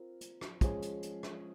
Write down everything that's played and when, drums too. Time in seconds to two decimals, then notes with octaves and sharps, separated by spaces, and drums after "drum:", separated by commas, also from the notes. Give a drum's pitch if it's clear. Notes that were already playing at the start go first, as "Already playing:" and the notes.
Already playing: C4 F4 A#4
0.21 drum: hi-hat
0.41 drum: rim click
0.61 F3 G#3 C#4 G#4, drum: kick, hi-hat
0.82 drum: hi-hat
1.03 drum: hi-hat
1.23 drum: rim click